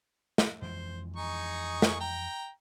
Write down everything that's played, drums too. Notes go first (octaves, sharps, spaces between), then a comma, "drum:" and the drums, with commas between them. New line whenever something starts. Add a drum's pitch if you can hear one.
drum: snare
F2 E3 G#3 C5
D#4 G#4 C#6
drum: snare
G5 A#5